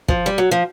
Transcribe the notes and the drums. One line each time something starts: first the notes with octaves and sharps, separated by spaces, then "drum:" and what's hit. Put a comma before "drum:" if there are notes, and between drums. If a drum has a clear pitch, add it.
F3, drum: kick
G3
F#3
F3